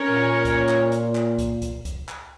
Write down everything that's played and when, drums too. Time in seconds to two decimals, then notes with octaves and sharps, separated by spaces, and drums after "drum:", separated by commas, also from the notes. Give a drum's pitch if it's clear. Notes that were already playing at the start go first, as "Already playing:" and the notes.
Already playing: C#4 A#4 C#5
0.10 A#2
0.45 drum: kick C#2, hi-hat
0.68 drum: clap
0.92 drum: hi-hat
1.15 drum: clap
1.38 drum: kick C#2, hi-hat
1.62 drum: kick C#2, hi-hat
1.85 drum: kick C#2, hi-hat
2.08 drum: clap